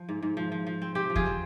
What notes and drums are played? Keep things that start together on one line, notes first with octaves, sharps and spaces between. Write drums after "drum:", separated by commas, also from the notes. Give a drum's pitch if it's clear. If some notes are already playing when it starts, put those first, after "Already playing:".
Already playing: F3
G#2
G#2
F3
F3
F3
C4
C4 G4
F3
F4 G#4, drum: kick E2
C4